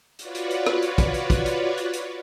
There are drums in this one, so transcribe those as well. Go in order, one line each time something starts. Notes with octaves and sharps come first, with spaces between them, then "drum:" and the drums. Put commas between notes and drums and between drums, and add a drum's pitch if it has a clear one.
F4 F#4 B4 C#5 D5, drum: hi-hat
drum: hi-hat
drum: hi-hat
drum: rim click
drum: hi-hat
drum: kick, hi-hat
drum: hi-hat
drum: kick, hi-hat
drum: hi-hat
drum: hi-hat
drum: hi-hat